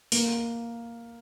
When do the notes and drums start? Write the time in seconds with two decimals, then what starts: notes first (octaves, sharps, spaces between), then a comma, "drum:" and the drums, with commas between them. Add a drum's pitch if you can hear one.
0.12 A#3, drum: open hi-hat